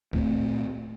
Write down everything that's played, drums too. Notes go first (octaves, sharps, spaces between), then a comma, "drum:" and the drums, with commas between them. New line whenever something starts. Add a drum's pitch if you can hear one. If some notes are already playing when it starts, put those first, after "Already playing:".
A#2 A3 A#3 C4, drum: kick